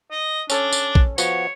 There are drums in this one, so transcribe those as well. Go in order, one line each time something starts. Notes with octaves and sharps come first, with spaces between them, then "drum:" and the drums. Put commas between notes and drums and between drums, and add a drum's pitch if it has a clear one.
D#5
C#4 D4 A4 C#5, drum: tambourine
drum: tambourine
drum: kick
F3 B3 F#4 C#5, drum: tambourine